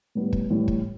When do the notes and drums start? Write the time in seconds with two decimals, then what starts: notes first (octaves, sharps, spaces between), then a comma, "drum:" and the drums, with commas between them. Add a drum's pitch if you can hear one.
0.15 A2 G3 B3
0.33 drum: kick
0.50 A2 E3 G3
0.68 drum: kick